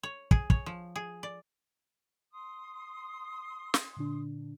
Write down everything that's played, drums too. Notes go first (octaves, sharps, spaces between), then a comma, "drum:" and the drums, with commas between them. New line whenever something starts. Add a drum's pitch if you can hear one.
C#5
G#4, drum: kick
C#5, drum: kick
F3
G#4
D5
C6 D#6
drum: snare
A#2 D3 D4